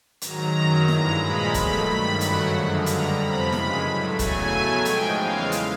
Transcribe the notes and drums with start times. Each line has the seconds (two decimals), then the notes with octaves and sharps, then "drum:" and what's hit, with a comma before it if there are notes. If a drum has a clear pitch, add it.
0.22 G#2 D#3 F#3 A#5, drum: hi-hat
0.55 F#2 D#3 F#3
0.88 G2 E3 G#3 A#5, drum: snare E4
1.21 A#2 F3 G#3 B5
1.54 B2 F#3 A3 B5, drum: kick, hi-hat
1.88 G2 D#3 G3 B5
2.21 F#2 C#3 F#3 A3 F#5, drum: hi-hat
2.53 F#2 D3 F3 G#3
2.86 G2 D3 G3 A#5, drum: hi-hat
3.20 F2 C3 F3 B5
3.52 F#2 C#3 E3 G#3 B5, drum: snare E4
3.86 A2 F#3 A3
4.19 E2 C#3 F#3 A3 G#5, drum: kick, hi-hat
4.52 B2 F#3 A3
4.85 G#2 F3 G#3 G5, drum: hi-hat
5.19 E2 C#3 E3 G#3 F5
5.52 drum: hi-hat